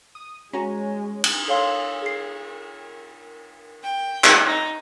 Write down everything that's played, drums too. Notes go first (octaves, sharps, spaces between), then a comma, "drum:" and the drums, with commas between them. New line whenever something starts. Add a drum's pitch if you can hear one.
D#6
G#3 C#4 F#4 A#5
drum: cymbal
A4 C#5 F5 C6 G7
G#4 C7
G5
drum: clap
D#4